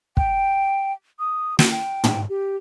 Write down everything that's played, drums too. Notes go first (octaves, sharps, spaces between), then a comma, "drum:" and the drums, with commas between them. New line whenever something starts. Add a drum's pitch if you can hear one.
G5, drum: kick
D#6
F#4, drum: snare
G5
drum: tom
G4